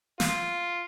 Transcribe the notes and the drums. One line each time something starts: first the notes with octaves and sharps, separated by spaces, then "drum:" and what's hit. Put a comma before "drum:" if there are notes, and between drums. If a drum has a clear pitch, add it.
F4, drum: snare